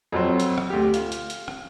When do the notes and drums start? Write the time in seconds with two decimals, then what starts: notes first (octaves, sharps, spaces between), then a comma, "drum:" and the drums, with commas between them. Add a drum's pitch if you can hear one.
0.12 F2 F#3 C4
0.40 drum: hi-hat
0.58 drum: rim click
0.70 D2 G4
0.94 F4, drum: hi-hat
1.12 drum: hi-hat
1.30 drum: hi-hat
1.48 drum: rim click